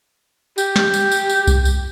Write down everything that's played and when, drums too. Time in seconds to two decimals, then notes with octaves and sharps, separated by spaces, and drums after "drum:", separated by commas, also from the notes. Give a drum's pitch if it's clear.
0.58 G4, drum: tambourine
0.76 drum: snare
0.94 drum: tambourine
1.12 drum: tambourine
1.29 drum: tambourine
1.47 drum: kick C2, tambourine
1.65 drum: tambourine